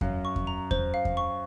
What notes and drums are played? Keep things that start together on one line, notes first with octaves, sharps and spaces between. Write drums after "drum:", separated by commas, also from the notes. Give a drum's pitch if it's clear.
F#2 F#3 F5, drum: kick E2
C#6
drum: kick E2
A#5
C5, drum: kick E2
F5
drum: kick E2
C#6